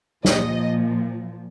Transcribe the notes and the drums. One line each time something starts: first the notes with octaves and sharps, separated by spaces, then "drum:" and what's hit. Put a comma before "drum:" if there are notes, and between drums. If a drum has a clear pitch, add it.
A#2 F3 D#5, drum: snare